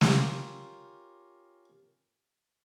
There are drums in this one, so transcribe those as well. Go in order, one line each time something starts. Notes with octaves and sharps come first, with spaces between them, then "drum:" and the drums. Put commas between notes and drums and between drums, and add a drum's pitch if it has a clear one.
C#4 F4 G4 A#4, drum: snare